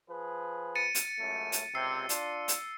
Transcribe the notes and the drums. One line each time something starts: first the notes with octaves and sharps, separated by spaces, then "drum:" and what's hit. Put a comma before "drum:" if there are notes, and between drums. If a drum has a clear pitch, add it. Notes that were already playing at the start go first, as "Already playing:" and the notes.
F3 G#4 B4
A6 C#7 D#7
drum: hi-hat
C#2 F#2 A3
drum: hi-hat
C#2 C3 E6 C7
D4 F4, drum: hi-hat
drum: hi-hat